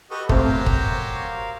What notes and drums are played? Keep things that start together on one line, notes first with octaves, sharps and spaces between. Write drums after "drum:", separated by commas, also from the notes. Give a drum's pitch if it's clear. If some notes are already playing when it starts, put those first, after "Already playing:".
F#4 G4 A4 B4 D#5
F#3 A3 C4 G4 A#4 C5 F5, drum: kick
drum: kick